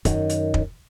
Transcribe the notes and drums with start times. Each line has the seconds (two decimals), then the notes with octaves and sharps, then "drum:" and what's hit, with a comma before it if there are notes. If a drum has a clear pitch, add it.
0.05 F#2 D#3, drum: kick, hi-hat
0.29 drum: hi-hat
0.54 drum: kick